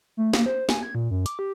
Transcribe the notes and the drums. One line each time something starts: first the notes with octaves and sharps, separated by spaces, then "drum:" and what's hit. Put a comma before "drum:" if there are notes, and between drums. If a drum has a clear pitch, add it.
A3
A#3, drum: snare
C5
G#5, drum: snare
G#6
A#2
F#2
D6, drum: hi-hat
G4